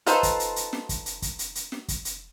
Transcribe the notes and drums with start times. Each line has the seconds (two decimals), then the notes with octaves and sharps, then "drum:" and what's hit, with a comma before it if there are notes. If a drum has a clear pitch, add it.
0.06 D#4 F4 A4 B4 C5, drum: hi-hat
0.23 drum: kick, hi-hat
0.40 drum: hi-hat
0.56 drum: hi-hat
0.73 drum: snare
0.89 drum: kick, hi-hat
1.06 drum: hi-hat
1.22 drum: kick, hi-hat
1.39 drum: hi-hat
1.55 drum: hi-hat
1.72 drum: snare
1.88 drum: kick, hi-hat
2.05 drum: hi-hat